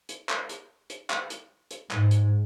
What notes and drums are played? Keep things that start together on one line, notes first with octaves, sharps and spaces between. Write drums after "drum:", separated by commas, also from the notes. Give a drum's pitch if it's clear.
drum: hi-hat
drum: clap
drum: hi-hat
drum: hi-hat
drum: clap
drum: hi-hat
drum: hi-hat
G#2, drum: clap
drum: hi-hat